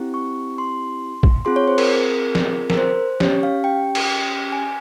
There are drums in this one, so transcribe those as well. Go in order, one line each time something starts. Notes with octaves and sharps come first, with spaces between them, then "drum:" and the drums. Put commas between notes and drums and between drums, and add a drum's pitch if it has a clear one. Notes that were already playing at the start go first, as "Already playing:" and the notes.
Already playing: C4 E4 G4
C#6
C6
drum: kick
C4 F4 G#4 C6
C#5
C5
A#4, drum: cymbal
A#4
drum: snare
A#4, drum: snare
C5
C#4 G4 C#5, drum: snare
F5
G5
drum: cymbal
G#5